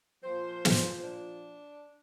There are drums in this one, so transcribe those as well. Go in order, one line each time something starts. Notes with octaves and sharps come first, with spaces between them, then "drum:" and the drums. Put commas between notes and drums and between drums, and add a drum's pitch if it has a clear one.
A#2 F3 C5
drum: snare
D4